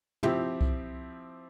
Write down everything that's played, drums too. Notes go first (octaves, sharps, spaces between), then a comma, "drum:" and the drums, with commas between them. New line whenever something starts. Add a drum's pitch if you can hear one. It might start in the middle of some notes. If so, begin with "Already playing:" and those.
F3 C4 E4 G4, drum: tom
drum: kick C2